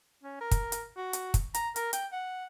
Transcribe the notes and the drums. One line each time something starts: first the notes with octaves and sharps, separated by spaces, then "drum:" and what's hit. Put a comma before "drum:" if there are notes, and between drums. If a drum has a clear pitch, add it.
C#4
A#4
drum: kick, hi-hat
drum: hi-hat
F#4
drum: hi-hat
drum: kick, hi-hat
A#5, drum: hi-hat
A#4, drum: hi-hat
G5, drum: hi-hat
F#5